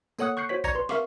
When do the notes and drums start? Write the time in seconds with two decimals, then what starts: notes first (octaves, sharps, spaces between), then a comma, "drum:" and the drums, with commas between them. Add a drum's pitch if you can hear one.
0.19 A#3 A4 C#5 F#5 D#6 F#6, drum: tambourine
0.37 C#6 F#6 G6 C7 C#7
0.49 F#4 C5 C#5 B6
0.64 D5 A#5 C#6 G#6 A#6 C#7, drum: kick G1, tambourine
0.75 B4 C6
0.89 A#4 E5 F5 C#6 D6, drum: snare